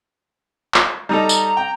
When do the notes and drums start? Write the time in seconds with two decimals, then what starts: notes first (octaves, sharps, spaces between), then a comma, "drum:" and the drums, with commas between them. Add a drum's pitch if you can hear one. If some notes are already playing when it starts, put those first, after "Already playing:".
0.74 drum: clap
1.09 G3 D#4 A4 A#5
1.29 drum: tambourine
1.57 G5